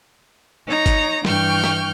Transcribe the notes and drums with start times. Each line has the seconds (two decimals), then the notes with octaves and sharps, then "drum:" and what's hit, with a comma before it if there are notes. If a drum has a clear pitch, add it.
0.67 D#4 C#5 A#5
0.86 drum: kick G1, hi-hat
1.25 G2 E3 G5 C#6 F6 G6, drum: snare
1.64 drum: snare